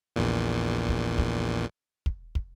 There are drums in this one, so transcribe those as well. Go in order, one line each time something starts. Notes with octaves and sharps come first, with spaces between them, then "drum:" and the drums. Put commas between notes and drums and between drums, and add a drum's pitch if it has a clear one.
A#1 E2 A#2
drum: kick
drum: kick
drum: kick
drum: kick